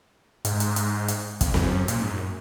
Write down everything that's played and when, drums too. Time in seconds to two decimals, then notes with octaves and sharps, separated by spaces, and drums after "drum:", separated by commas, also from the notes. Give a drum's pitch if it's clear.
0.45 G#2, drum: hi-hat
0.60 drum: hi-hat
0.76 drum: hi-hat
1.08 drum: hi-hat
1.41 F2, drum: kick, hi-hat
1.54 F2, drum: snare C4
1.64 F#2
1.88 A#2, drum: hi-hat
2.01 G#2
2.13 F#2